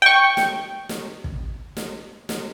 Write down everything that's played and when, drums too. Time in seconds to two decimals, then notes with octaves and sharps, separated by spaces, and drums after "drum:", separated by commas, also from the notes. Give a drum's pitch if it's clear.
0.02 G5 C#6
0.37 drum: snare
0.89 drum: snare
1.24 drum: kick
1.77 drum: snare
2.29 drum: snare